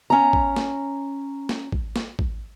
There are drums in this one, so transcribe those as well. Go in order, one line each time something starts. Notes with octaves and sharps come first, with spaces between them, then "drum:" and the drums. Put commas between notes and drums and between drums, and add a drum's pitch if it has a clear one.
C#4 A#5
drum: kick
drum: snare
drum: snare
drum: kick
drum: snare
drum: kick